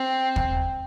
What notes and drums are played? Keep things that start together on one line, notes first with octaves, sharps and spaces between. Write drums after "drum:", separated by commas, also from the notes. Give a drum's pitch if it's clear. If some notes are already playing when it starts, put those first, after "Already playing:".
Already playing: C4
drum: kick